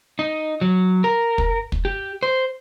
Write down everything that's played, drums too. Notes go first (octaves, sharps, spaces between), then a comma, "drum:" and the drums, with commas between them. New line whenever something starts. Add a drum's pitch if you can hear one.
D#4
F#3
A#4
drum: kick
drum: kick
G4
C5